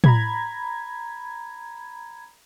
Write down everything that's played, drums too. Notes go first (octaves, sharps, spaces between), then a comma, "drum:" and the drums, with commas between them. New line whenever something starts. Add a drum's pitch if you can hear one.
A#5 B5 G#6, drum: tom